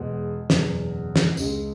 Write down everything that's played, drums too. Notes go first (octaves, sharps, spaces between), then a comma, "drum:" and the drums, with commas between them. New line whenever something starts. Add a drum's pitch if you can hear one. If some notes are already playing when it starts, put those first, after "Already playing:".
Already playing: E2 B2 G#3
F#1 E2 B2 F#3, drum: snare
drum: snare
C#2 C#3 G#3, drum: tambourine